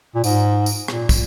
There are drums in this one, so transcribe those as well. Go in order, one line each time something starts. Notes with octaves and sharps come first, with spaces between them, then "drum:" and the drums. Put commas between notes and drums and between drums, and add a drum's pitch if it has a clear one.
A#2
G#2, drum: tambourine
drum: tambourine
A#2, drum: rim click
drum: kick, tambourine